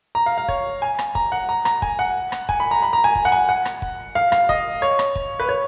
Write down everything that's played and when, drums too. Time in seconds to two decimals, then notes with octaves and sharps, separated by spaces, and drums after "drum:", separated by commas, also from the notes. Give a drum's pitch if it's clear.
0.15 A#5
0.26 F5
0.38 F5
0.48 C#5, drum: kick
0.82 G#5
0.99 drum: rim click
1.15 A#5, drum: kick
1.32 F#5
1.49 A#5
1.65 A#5, drum: rim click
1.82 G#5, drum: kick
1.99 F#5
2.32 drum: rim click
2.49 G#5, drum: kick
2.60 B5
2.71 A#5
2.82 B5
2.93 A#5
3.04 G#5
3.15 drum: kick
3.25 F#5
3.32 G#5
3.49 F#5
3.65 drum: rim click
3.82 drum: kick
4.15 F5
4.32 F5, drum: rim click
4.49 D#5, drum: kick
4.82 C#5
4.99 drum: rim click
5.15 drum: kick
5.40 B4
5.49 C#5